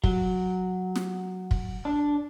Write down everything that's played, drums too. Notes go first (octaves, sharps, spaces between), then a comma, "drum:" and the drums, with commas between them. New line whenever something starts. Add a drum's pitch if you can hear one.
F#3, drum: kick
drum: snare
drum: kick
D4